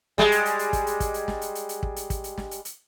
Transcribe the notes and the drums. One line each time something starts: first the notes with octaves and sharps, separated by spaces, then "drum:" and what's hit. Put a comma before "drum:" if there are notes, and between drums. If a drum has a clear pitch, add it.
G3 G#3, drum: snare
drum: hi-hat
drum: hi-hat
drum: hi-hat
drum: kick, hi-hat
drum: hi-hat
drum: kick, hi-hat
drum: hi-hat
drum: snare
drum: hi-hat
drum: hi-hat
drum: hi-hat
drum: kick
drum: hi-hat
drum: kick, hi-hat
drum: hi-hat
drum: snare
drum: hi-hat
drum: hi-hat